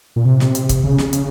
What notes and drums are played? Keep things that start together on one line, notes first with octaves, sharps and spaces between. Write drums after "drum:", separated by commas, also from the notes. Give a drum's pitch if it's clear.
A#2
C3
drum: snare
drum: hi-hat
drum: kick, hi-hat
C#3
drum: snare
C#3, drum: hi-hat